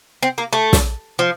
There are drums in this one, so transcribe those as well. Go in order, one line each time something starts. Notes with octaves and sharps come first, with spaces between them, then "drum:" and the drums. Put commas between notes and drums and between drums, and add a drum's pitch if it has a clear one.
C4
A#3
A3
drum: snare
F3